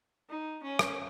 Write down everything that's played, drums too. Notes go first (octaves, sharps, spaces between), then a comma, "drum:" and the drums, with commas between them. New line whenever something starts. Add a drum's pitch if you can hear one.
D#4
C#4
drum: rim click